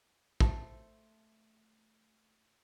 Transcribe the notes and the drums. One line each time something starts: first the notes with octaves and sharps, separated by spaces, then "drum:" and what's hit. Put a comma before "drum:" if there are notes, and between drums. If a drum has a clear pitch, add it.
A3 A4 C5, drum: kick